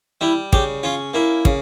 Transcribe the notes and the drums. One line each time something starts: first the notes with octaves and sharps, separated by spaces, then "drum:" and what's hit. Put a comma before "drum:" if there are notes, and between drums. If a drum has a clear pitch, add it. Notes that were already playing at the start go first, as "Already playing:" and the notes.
G3 E4
C#3 G4, drum: kick
C#4 F4
A#3 E4
C#3, drum: kick